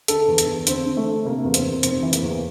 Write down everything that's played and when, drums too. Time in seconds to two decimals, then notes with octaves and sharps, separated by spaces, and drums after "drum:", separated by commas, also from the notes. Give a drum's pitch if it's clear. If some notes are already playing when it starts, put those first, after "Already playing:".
0.08 D3 A4, drum: hi-hat
0.28 E2
0.38 drum: hi-hat
0.47 E2
0.67 D3 C4, drum: hi-hat
0.86 D3
0.97 A3
1.07 D3
1.25 C3 A#3
1.45 E2
1.54 C4, drum: hi-hat
1.65 E2
1.83 F1 C4, drum: hi-hat
2.03 E3
2.13 A#3, drum: hi-hat
2.23 E2